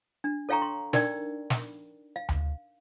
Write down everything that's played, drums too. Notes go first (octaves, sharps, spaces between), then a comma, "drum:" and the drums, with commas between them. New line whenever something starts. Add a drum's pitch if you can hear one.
D4
A4 C#5 F5 G5 A#5 C#6
C6
D4 D#4 A#4 D5 G5, drum: snare
drum: snare
F5
drum: tom D2